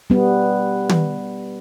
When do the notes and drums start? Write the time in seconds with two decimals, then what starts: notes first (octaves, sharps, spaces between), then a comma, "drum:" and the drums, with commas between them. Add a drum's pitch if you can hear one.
0.10 G3 B3
0.89 drum: tom